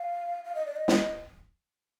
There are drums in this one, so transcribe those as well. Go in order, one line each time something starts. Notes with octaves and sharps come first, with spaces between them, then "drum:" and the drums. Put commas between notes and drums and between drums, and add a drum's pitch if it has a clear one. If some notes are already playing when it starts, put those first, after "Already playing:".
Already playing: F5
F5
D#5
D5
D#5
drum: snare